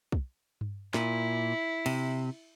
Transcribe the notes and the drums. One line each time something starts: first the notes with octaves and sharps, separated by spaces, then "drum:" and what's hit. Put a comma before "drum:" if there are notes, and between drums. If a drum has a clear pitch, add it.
drum: kick
drum: tom G2
A#2 E4, drum: snare
C3, drum: cymbal